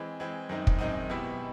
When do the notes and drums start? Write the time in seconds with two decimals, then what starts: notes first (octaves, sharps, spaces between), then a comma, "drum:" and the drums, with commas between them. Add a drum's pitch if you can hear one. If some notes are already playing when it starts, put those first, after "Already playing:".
Already playing: E3 G#3 C4
0.20 E3 G#3 C4
0.49 F#2 D#3 G#3 C4 D#4
0.67 drum: kick
0.79 F#2 D#3 G#3 C4 D#4
1.10 B2 G#3 B3 E4 G4